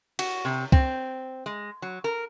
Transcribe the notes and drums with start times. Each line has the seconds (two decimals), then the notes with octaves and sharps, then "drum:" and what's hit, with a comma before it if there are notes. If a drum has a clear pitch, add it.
0.19 F#4, drum: cymbal
0.45 C3
0.72 C4, drum: kick
1.46 G#3
1.82 F#3
2.04 A#4